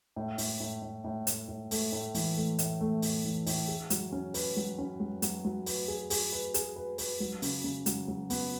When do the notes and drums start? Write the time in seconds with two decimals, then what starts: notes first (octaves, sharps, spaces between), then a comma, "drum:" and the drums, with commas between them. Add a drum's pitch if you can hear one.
0.16 A2
0.38 A2, drum: open hi-hat
0.60 A2
0.82 A2
1.04 A2
1.27 A2, drum: hi-hat
1.48 A2
1.71 A3, drum: open hi-hat
1.92 A2
2.14 E3, drum: open hi-hat
2.37 A3
2.59 A2, drum: hi-hat
2.81 A3
3.02 A2, drum: open hi-hat
3.24 E3
3.46 A2, drum: open hi-hat
3.68 G#4
3.90 F#3, drum: hi-hat
4.12 C#4
4.34 B4, drum: open hi-hat
4.56 F#3
4.78 C#4
5.00 F#3
5.22 F#3, drum: hi-hat
5.45 F#3
5.66 B4, drum: open hi-hat
5.88 G#4
6.10 G#4, drum: open hi-hat
6.32 B4
6.54 G#4, drum: hi-hat
6.76 B4
6.98 B4, drum: open hi-hat
7.20 F#3
7.42 C#3, drum: open hi-hat
7.64 C#3
7.86 F#3, drum: hi-hat
8.08 F#3
8.30 B3, drum: open hi-hat